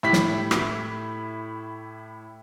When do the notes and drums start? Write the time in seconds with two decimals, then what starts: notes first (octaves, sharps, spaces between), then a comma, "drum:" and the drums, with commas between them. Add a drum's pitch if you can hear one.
0.03 A2 E4 G4 B6
0.13 drum: snare
0.51 drum: rim click